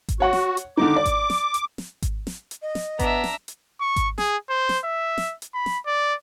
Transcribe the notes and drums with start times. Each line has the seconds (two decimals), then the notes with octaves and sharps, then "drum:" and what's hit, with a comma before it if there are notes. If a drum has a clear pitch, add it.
0.09 drum: kick G#1, hi-hat
0.20 F#4 C#5 F#5
0.33 drum: snare
0.57 drum: hi-hat
0.77 D3 D#3 D#4 D6
0.96 D5
1.05 drum: kick G#1, hi-hat
1.30 drum: snare
1.54 drum: hi-hat
1.78 drum: snare
2.02 drum: kick G#1, hi-hat
2.27 drum: snare
2.51 drum: hi-hat
2.62 D#5
2.75 drum: snare
2.99 B3 D4 E5 A#5, drum: kick G#1, hi-hat
3.24 drum: snare
3.48 drum: hi-hat
3.81 C#6
3.96 drum: kick G#1, hi-hat
4.18 G#4, drum: snare
4.49 C5
4.69 drum: snare
4.84 E5
5.18 drum: snare
5.42 drum: hi-hat
5.54 B5
5.66 drum: snare
5.86 D5